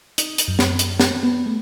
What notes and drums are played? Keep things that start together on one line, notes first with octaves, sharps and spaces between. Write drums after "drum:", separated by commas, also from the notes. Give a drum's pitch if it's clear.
D#4, drum: hi-hat
drum: hi-hat
F#2
drum: snare
drum: hi-hat
drum: snare
B3
A3